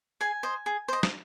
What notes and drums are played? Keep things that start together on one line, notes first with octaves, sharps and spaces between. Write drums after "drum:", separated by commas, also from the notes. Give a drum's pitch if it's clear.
G#4 G#5
C5 D#5
G#4
C5 D#5
drum: snare